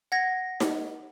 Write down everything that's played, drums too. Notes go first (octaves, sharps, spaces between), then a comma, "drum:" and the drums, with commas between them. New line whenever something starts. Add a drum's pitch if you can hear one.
F#5 G#6 A#6
drum: snare D#4